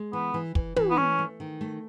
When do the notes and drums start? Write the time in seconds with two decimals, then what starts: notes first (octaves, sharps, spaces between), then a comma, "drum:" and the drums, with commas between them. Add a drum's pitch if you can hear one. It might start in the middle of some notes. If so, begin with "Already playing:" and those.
Already playing: G#3
0.13 E3 B3
0.34 E3
0.55 E3, drum: kick
0.76 E3, drum: tom
0.90 B3
0.97 A3 C#4
1.19 A3
1.40 D#3
1.61 A3